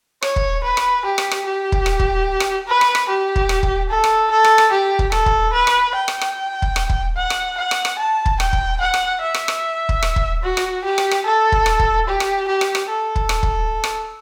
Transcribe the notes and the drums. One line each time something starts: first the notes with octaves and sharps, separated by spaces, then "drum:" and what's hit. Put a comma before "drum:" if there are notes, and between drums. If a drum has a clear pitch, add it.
C#5, drum: rim click
drum: kick
B4
drum: rim click
G4
drum: rim click
drum: rim click
G4
drum: kick
drum: rim click
drum: kick
drum: rim click
B4
drum: rim click
drum: rim click
G4
drum: kick
drum: rim click
drum: kick
A4
drum: rim click
A4
drum: rim click
drum: rim click
G4
drum: kick
A4, drum: rim click
drum: kick
B4
drum: rim click
G5
drum: rim click
drum: rim click
drum: kick
drum: rim click
drum: kick
F#5
drum: rim click
F#5
drum: rim click
drum: rim click
A5
drum: kick
G5, drum: rim click
drum: kick
F#5
drum: rim click
E5
drum: rim click
drum: rim click
drum: kick
drum: rim click
drum: kick
F#4
drum: rim click
G4
drum: rim click
drum: rim click
A4
drum: kick
drum: rim click
drum: kick
G4
drum: rim click
G4
drum: rim click
drum: rim click
A4
drum: kick
drum: rim click
drum: kick
drum: rim click